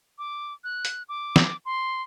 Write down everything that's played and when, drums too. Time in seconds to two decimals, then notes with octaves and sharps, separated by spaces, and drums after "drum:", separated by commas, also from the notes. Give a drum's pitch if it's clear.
0.18 D6
0.64 F#6
0.85 drum: hi-hat
1.09 D6
1.36 drum: snare
1.65 C6